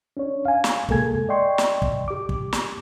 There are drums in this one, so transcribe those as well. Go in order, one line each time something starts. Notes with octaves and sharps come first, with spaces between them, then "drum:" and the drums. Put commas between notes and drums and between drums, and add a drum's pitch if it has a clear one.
C#4 D4 C#5
F5 G#5
drum: snare
C3 G#3 A#3 A4 G#5 G#6, drum: kick
D5 D#5 G5 C6 C#6
drum: snare
drum: kick
G4 D6
drum: kick
drum: snare